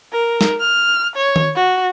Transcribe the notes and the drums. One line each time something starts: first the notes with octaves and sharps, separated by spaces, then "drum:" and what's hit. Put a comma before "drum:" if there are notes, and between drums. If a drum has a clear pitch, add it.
A#4
drum: snare
F6
C#5
drum: tom D#3
F#4